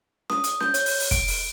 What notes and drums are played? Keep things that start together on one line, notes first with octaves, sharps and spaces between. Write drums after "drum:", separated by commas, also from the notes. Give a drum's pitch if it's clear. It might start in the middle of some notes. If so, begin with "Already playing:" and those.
D#6, drum: snare C#4
drum: hi-hat
G6, drum: snare C#4
C#5, drum: hi-hat
drum: open hi-hat
drum: open hi-hat
D7, drum: kick, hi-hat
drum: open hi-hat